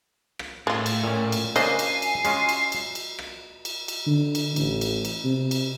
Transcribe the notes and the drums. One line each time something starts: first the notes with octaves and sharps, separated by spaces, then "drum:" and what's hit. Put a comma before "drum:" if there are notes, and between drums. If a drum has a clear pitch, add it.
drum: rim click
A2 G#3 F4
drum: cymbal
A#2 C#4
drum: cymbal
C#3 A#3 D4 C5 D#5 G#5 C7, drum: cymbal
drum: cymbal
drum: cymbal
G#3 C#4 F4, drum: cymbal
drum: cymbal
drum: cymbal
drum: cymbal
drum: rim click
drum: cymbal
drum: cymbal
D3
drum: cymbal
A1, drum: cymbal
drum: cymbal
drum: cymbal
C3
drum: cymbal